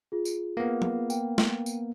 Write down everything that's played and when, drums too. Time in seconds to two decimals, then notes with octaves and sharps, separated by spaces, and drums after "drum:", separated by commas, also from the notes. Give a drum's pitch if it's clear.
0.12 F4 G#4
0.25 drum: tambourine
0.57 A#3 B3
0.82 drum: tom
1.10 G5, drum: tambourine
1.38 drum: snare
1.66 drum: tambourine